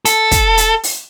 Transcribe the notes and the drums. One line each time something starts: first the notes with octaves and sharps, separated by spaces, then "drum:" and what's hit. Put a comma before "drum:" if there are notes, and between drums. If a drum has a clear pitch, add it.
A4, drum: hi-hat
drum: kick, hi-hat
drum: hi-hat
drum: open hi-hat